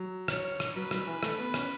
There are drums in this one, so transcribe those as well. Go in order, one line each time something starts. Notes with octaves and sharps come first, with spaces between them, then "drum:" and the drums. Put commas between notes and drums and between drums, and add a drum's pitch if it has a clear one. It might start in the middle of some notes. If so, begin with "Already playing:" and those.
Already playing: F#3
C#5, drum: rim click
drum: rim click
F#3 B4
F#3, drum: rim click
E3
A3, drum: rim click
B3
C#4, drum: rim click